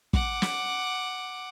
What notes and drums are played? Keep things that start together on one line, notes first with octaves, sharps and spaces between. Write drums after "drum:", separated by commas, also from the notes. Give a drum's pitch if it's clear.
F#5 D6, drum: kick
drum: snare